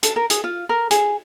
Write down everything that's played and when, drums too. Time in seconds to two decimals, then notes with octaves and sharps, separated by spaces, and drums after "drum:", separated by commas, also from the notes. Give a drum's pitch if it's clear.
0.03 A4, drum: hi-hat
0.16 A#4
0.30 G#4, drum: hi-hat
0.44 F4
0.69 A#4
0.91 G#4, drum: hi-hat